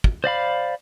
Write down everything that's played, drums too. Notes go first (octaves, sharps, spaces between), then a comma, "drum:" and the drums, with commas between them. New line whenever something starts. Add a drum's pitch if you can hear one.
drum: kick
C5 D5 F5 B5